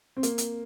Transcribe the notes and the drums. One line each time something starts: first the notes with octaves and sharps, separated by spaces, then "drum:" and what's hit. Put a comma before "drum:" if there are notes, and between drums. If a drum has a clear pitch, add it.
C4
A#3, drum: hi-hat
drum: hi-hat